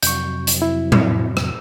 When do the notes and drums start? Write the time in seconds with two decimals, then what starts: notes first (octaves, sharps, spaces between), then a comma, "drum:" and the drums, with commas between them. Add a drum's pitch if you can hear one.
0.03 F2 C3 F#3 C#6 G6, drum: hi-hat
0.47 drum: hi-hat
0.62 E4
0.92 drum: tom
1.37 drum: rim click